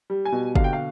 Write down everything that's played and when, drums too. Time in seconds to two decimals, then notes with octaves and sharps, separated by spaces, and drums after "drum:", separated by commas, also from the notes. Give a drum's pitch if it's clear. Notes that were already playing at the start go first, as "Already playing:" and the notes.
0.10 G3
0.25 G#5
0.32 B2
0.55 D3 F5, drum: kick
0.64 G5
0.73 F5